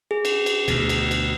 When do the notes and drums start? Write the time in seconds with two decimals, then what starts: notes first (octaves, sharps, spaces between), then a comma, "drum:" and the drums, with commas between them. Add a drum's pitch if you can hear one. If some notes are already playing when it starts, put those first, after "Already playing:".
0.11 G#4
0.25 drum: cymbal
0.46 drum: cymbal
0.68 D2 B2, drum: cymbal
0.89 drum: cymbal
1.11 drum: cymbal